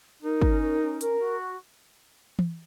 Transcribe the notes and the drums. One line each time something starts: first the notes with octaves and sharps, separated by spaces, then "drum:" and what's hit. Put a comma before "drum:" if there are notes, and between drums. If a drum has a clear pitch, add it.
D#4 A#4
C#4, drum: kick
A#4
C#4
A#4, drum: hi-hat
F#4
drum: tom E3